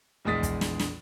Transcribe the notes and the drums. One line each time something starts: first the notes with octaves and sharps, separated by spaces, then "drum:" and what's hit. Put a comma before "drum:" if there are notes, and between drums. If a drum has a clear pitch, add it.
A#1 E2 G#3 D#6 A6 B6
drum: kick, hi-hat
drum: snare
drum: snare